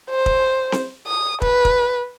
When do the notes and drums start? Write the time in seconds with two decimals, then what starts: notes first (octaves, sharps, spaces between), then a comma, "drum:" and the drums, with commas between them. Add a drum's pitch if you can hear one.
0.10 C5
0.26 drum: kick
0.72 drum: snare C4
1.07 D#6
1.42 B4, drum: kick
1.65 drum: kick